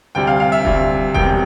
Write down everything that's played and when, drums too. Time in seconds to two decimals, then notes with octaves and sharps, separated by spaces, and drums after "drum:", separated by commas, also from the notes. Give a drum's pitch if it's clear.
0.15 D2 C3 G3 G5
0.27 F5
0.40 F5
0.52 E5
0.65 D2 C3 G3, drum: kick E1
1.14 E1 E2 C3 G3 G5, drum: kick E1